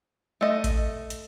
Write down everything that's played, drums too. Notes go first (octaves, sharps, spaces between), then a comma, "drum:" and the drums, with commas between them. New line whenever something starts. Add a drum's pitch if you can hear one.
A3 D#5
drum: kick A1, hi-hat
drum: hi-hat